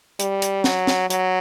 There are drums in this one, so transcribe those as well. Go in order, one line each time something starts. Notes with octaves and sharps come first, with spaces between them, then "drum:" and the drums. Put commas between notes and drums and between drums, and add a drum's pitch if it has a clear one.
G3, drum: hi-hat
drum: hi-hat
F#3, drum: snare
drum: snare
F#3, drum: hi-hat